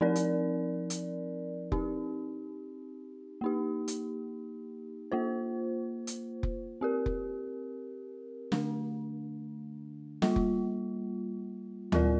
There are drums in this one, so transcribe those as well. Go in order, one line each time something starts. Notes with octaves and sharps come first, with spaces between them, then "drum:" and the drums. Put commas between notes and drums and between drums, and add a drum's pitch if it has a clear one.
F3 C4 D#4 A#4 D5
drum: hi-hat
drum: hi-hat
C4 D#4 G4, drum: kick F1
A#3 D#4 G4
drum: hi-hat
A#3 F4 C5
drum: hi-hat
drum: kick F1
C4 G4 A#4
drum: kick F1
D3 A3 D4, drum: snare
G3 A#3 F4, drum: snare
drum: kick F1
G3 C4 F4 A#4 D5, drum: tom D2